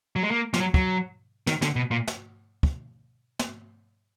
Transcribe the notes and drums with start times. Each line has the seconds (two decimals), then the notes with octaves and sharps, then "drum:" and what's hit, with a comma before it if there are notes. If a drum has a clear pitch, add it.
0.16 F#3
0.23 G#3
0.31 A#3
0.54 F3, drum: snare
0.60 F#3
0.74 F#3, drum: kick
1.47 D#3, drum: snare
1.62 D3, drum: snare
1.76 B2
1.91 A#2
2.07 drum: snare
2.63 drum: kick
3.39 drum: snare